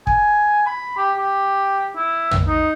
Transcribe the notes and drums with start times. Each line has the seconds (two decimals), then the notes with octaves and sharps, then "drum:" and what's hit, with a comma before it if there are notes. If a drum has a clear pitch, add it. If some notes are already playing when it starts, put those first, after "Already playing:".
0.07 G#5, drum: kick
0.66 B5
0.97 G4
1.17 G4
1.96 E4
2.31 drum: tom
2.48 D#4